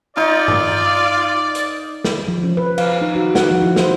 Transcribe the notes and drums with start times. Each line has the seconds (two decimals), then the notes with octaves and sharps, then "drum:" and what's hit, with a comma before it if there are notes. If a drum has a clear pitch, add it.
0.17 D#4 F4 D5
0.48 drum: tom G2
1.55 drum: hi-hat
2.04 drum: snare
2.28 F3
2.43 C#4
2.57 B4
2.78 F5, drum: cymbal
3.01 D#4
3.15 F#4
3.35 F#5, drum: snare
3.51 F3
3.62 E4
3.76 C5, drum: snare